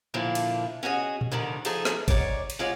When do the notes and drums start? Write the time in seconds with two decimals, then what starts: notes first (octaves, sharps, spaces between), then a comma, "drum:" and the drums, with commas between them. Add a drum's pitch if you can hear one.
0.14 A#2 D3 F3 A#3 E4
0.35 drum: cymbal
0.83 C#4 F#4 G#4 D#5
1.21 drum: tom A#2
1.31 D2 D3 D#3 F3 A#4
1.65 F3 D#4 G#4 A4, drum: cymbal
1.85 drum: snare
2.08 G#2 C3 C#5 D5, drum: kick G1, cymbal
2.50 drum: cymbal
2.59 G#3 F4 C#5 D5